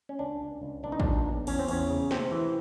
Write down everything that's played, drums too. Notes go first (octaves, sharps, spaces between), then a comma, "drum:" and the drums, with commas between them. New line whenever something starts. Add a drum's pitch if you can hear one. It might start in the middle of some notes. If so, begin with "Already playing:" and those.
C#4
C#2 D4
C#2
C#2
B1 D4
D#4
A#2 D4, drum: kick
B1
E2 C#4, drum: cymbal
C4
E2 C#4, drum: cymbal
C#3
C3 C4, drum: snare
E3